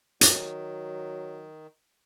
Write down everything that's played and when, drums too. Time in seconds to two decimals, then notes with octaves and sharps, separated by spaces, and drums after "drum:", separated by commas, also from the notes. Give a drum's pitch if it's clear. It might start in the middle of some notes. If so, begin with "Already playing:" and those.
0.21 D#3 F#3, drum: hi-hat